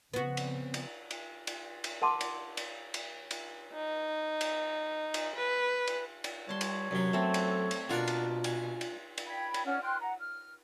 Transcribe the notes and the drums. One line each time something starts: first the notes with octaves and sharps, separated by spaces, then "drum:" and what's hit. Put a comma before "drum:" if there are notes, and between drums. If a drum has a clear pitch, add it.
C#3 F3 B3 C4 F#4
drum: cymbal
drum: cymbal
drum: cymbal
drum: cymbal
drum: cymbal
A#4 F#5 A5 C6 D6
drum: cymbal
drum: cymbal
drum: cymbal
drum: cymbal
D#4
drum: cymbal
drum: cymbal
B4
drum: cymbal
drum: cymbal
G3 C#5 A5 C6
drum: cymbal
F#2 C3 F#3
A3 C4 A4
drum: cymbal
drum: cymbal
B2 D4 F4 F#4 A#4 D5
drum: cymbal
G#5, drum: cymbal
drum: cymbal
drum: cymbal
G5 B5 G#6
drum: cymbal
C#4 D5 F#5 F6
G5 C6 F6 F#6
F#5 A#5
F6